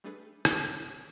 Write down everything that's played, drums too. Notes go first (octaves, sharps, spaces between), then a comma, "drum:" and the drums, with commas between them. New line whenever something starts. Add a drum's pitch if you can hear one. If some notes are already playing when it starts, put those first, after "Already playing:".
G3 A3 D4 G#4 A4 B4
drum: rim click